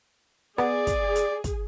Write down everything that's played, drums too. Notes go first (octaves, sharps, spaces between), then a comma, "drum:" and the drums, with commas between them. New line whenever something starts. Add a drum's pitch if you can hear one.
B3 G#4 D5, drum: rim click
drum: kick, hi-hat
drum: hi-hat
drum: kick, hi-hat